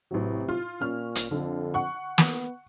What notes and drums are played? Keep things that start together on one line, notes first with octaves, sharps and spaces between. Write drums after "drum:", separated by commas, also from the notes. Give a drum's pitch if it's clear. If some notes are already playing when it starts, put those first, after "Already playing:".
A1 C3 F#3
F4
A#2 C#4 F6
drum: hi-hat
F2 D3
F#5 C#6
B3, drum: snare